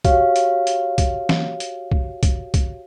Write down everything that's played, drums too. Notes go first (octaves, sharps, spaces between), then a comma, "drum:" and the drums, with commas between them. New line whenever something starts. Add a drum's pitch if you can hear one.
F#4 G4 C#5 F5, drum: kick B1, hi-hat
drum: hi-hat
drum: hi-hat
drum: kick B1, hi-hat
drum: snare
drum: hi-hat
drum: kick B1
drum: kick B1, hi-hat
drum: kick B1, hi-hat